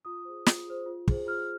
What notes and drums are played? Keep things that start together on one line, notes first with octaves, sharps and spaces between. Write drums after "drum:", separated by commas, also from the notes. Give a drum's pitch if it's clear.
F4 D#6
G#4 C5
F4, drum: snare
G#4 C5
F4
G#4 C5, drum: kick
F4 F6